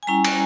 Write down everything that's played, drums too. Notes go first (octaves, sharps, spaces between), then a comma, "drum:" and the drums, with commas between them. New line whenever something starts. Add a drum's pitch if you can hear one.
G#5
G3 C#4 E4 A#5
drum: cymbal